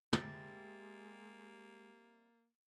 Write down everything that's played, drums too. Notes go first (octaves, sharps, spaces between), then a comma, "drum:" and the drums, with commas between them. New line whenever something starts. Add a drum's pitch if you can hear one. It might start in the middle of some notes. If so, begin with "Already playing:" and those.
G3 G#3 A#3 C4 E4 A6, drum: tom